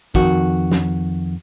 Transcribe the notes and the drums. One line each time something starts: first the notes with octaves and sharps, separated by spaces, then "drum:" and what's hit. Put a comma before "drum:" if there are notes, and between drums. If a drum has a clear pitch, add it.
F2 D#3 F#4, drum: kick
drum: snare